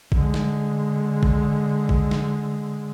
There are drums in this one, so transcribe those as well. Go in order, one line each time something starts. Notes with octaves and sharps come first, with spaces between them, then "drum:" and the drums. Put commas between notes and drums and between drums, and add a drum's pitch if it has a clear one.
D3 G#3, drum: kick G#1
drum: snare
drum: kick G#1
drum: kick G#1
drum: snare